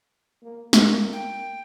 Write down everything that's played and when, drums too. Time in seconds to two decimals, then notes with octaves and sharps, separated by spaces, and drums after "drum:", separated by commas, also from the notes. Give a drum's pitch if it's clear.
0.43 A#3
0.73 A#3, drum: snare
1.13 G5